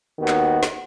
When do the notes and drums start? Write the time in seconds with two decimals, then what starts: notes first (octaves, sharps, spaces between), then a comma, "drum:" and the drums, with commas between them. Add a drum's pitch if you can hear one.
0.19 D#2 D#3 B3 F#4
0.28 drum: clap
0.63 drum: snare